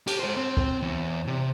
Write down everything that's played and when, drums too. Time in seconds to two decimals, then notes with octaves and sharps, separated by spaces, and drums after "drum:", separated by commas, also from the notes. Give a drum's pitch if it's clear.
0.07 G4, drum: cymbal
0.20 G#3 C5
0.37 C4
0.57 drum: kick
0.82 E2
1.27 C3